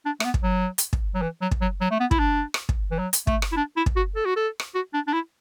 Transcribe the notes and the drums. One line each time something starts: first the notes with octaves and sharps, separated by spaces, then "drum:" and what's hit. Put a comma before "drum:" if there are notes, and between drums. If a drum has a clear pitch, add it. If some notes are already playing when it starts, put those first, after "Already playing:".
D4
A3, drum: rim click
B3
drum: kick
F#3
drum: hi-hat
drum: kick
F#3
E3
F#3
drum: kick
F#3
F#3
A3
B3
E4, drum: kick
D4
drum: rim click
drum: kick
E3
F#3
drum: hi-hat
A3, drum: kick
drum: rim click
E4
D4
E4
drum: kick
F#4
A4
F#4
A4
drum: rim click
F#4
D4
D4
E4